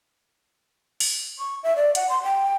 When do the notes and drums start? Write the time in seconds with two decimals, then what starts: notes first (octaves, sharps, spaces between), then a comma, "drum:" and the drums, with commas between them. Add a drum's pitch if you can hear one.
1.00 drum: open hi-hat
1.39 C#6
1.63 E5
1.76 D5
1.95 F#5, drum: hi-hat
2.09 C6
2.23 G5